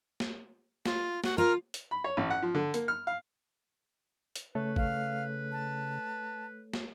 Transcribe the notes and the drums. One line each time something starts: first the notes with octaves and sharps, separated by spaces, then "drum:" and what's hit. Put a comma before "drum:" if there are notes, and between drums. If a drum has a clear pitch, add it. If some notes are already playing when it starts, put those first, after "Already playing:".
drum: snare
F4, drum: snare
F#4, drum: snare
F4 A#4
drum: hi-hat
B5
C#5
A1
F#5
F3
D3
A#3, drum: hi-hat
F6
F5
drum: hi-hat
C#3 A3 A4 B4 C#5
F5, drum: kick
A5
drum: snare